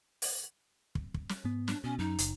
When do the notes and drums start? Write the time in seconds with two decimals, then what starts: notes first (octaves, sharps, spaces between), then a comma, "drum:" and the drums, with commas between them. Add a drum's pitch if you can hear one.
0.22 drum: open hi-hat
0.95 drum: kick
1.14 drum: kick
1.29 drum: snare
1.45 G#2 B3
1.68 D4, drum: snare
1.84 B2 C#4
1.99 F#2 D#4
2.18 F#1, drum: hi-hat